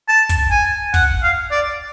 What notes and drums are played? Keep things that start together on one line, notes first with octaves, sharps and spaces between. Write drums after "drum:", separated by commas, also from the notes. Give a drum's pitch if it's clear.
A5
drum: kick, hi-hat
G#5
F#5, drum: kick, open hi-hat
F5
D5